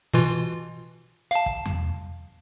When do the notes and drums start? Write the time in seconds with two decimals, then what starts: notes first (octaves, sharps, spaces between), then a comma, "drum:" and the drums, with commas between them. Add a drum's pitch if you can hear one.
0.14 B2 E3 F4
1.31 F5 A5, drum: hi-hat
1.46 drum: kick
1.65 drum: tom E2